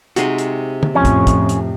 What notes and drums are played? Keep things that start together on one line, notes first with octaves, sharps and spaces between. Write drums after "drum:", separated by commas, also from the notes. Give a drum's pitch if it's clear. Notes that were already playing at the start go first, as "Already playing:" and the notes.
C3 G#3 D#4 F#4 C6, drum: hi-hat
drum: hi-hat
drum: tom
F2 A2 F3 C#4
drum: kick, hi-hat
drum: kick, hi-hat
drum: hi-hat